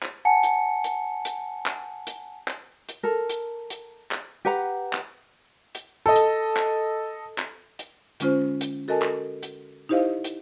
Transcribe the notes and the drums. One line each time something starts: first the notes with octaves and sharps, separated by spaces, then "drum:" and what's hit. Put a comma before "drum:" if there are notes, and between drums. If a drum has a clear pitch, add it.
drum: clap
F#5 G#5 A5 C#7
drum: hi-hat
drum: hi-hat
drum: hi-hat
drum: clap
drum: hi-hat
drum: clap
drum: hi-hat
A4 A#4
drum: hi-hat
drum: hi-hat
drum: clap
G4 B4 F#5 A#5
drum: clap
drum: hi-hat
A4 D#5
drum: hi-hat
drum: clap
drum: clap
drum: hi-hat
D3 G#3 C#4 F4 C5, drum: hi-hat
drum: hi-hat
F#4 A4 A#4 D#5 G#5 A5
drum: clap
drum: hi-hat
D#4 E4 G4 C5 D#5 F5
drum: hi-hat